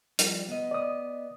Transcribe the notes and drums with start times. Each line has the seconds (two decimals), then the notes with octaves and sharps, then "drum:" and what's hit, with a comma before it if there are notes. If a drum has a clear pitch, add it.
0.19 F3 G3, drum: hi-hat
0.48 B3 D#5
0.71 D5 D#6